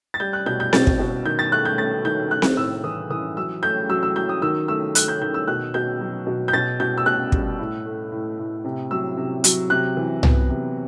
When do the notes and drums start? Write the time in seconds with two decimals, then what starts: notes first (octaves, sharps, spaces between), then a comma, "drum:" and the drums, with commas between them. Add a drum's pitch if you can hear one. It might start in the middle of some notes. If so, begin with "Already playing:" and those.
0.14 A6
0.20 G3 G6
0.33 F#6
0.46 B2 G6
0.60 G6
0.73 B2 A6, drum: snare C4
0.87 drum: kick
0.99 B2
1.26 D#3 G6
1.39 A6
1.52 A3 F#6
1.65 G6
1.78 A3 A6
2.05 D#3 G6
2.31 A3 F#6
2.42 drum: snare C4
2.57 A2 E6
2.84 E3 D#6
3.10 E3 D#6
3.37 F#3 E6
3.63 A3 G6
3.89 F#3 E6
4.03 E6
4.16 F#3 G6
4.29 D#6
4.42 D#3 E6
4.68 A3 E6
4.95 A3 F#6, drum: hi-hat
5.08 G6
5.21 D#3 G6
5.34 E6
5.48 B2 F#6
5.74 B2 G6
6.01 F#3
6.27 B2
6.48 G6
6.53 B2 A6
6.80 B2 G6
6.98 E6
7.06 B2 F#6
7.32 G3, drum: kick
7.59 A2
7.86 A3
8.12 A2
8.39 A2
8.64 C3
8.91 F#3 E6
9.17 C3
9.44 F#3, drum: hi-hat
9.70 C3 F#6
9.97 E3
10.23 B3, drum: tom C2
10.49 C3